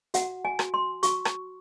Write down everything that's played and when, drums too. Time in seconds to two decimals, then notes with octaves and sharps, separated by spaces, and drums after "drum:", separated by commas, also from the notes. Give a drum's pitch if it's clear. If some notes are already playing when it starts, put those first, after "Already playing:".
0.14 F#4 F#5, drum: hi-hat
0.45 G#5
0.59 F#4, drum: rim click
0.74 C6
1.03 F#4 C#6, drum: hi-hat
1.25 drum: rim click